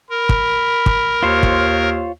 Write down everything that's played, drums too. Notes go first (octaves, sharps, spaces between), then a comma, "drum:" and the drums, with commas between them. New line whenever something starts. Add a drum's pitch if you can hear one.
A#4 B5
drum: kick
drum: kick
D#2 F4 C5 C#5
drum: kick